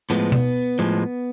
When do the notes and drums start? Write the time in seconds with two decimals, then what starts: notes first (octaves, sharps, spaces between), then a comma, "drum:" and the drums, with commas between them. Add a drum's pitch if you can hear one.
0.10 A2 F3 G#3 B3, drum: hi-hat
0.32 drum: tom B2
0.79 A2 F3 G#3